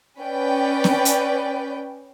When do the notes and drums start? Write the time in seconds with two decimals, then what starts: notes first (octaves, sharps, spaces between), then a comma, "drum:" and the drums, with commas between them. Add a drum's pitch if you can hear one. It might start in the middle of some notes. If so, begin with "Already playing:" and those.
0.20 C#4 B4 D5 G5
0.84 drum: snare C4
1.05 drum: hi-hat